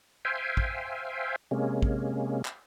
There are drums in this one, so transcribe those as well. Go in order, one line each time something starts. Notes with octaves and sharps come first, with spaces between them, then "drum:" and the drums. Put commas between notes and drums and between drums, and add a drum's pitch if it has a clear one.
C5 E5 F5 G5 G#5
drum: kick
C3 G#3 A#3 C#4
drum: kick
drum: clap